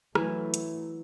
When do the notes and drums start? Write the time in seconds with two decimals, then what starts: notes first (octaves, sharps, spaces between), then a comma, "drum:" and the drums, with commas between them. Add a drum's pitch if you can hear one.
0.15 E3 F#3 A3, drum: rim click
0.54 drum: hi-hat